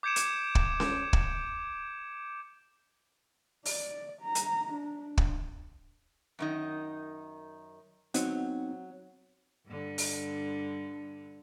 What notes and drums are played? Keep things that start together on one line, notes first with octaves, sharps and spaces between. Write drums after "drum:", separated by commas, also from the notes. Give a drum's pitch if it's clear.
D6 G6 G#6 C#7 D7 E7
drum: hi-hat
drum: kick
drum: snare C#4
drum: kick
D5, drum: open hi-hat
A#5
drum: hi-hat
D4
drum: kick
F#2 D#3 D#4
F#3 B3 C4 D#4, drum: hi-hat
G2 D3
drum: open hi-hat